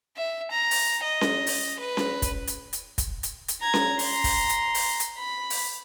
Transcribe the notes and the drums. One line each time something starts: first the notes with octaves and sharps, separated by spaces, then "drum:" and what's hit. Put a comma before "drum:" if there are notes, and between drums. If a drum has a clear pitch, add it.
E5
A#5
drum: open hi-hat
D#5
drum: snare C#4
drum: open hi-hat
B4
drum: snare C#4
drum: kick, hi-hat
drum: hi-hat
drum: hi-hat
drum: kick, hi-hat
drum: hi-hat
drum: hi-hat
A#5 G#6
drum: snare C#4
A#5 C6, drum: open hi-hat
drum: kick, open hi-hat
drum: hi-hat
drum: open hi-hat
drum: hi-hat
B5
drum: open hi-hat